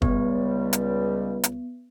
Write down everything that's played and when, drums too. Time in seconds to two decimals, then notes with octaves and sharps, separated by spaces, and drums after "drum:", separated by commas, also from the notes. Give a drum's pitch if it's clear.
0.02 C#2 G3 B3, drum: kick
0.73 drum: hi-hat
1.44 drum: hi-hat